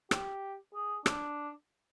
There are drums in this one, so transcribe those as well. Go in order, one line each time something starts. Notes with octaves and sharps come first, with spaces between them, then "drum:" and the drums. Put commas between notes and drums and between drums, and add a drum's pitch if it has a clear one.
G4, drum: rim click
G#4
D4, drum: rim click